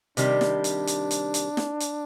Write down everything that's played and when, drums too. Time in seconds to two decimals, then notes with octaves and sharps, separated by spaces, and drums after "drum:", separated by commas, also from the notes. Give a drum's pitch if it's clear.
0.17 C3 D#3 G3 D4, drum: hi-hat
0.41 drum: snare
0.64 drum: hi-hat
0.87 drum: hi-hat
1.11 drum: hi-hat
1.34 drum: hi-hat
1.57 drum: snare
1.80 drum: hi-hat